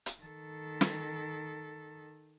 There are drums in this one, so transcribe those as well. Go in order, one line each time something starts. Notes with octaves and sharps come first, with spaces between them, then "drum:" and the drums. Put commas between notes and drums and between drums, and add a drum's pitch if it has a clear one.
drum: hi-hat
D#3 A4
drum: snare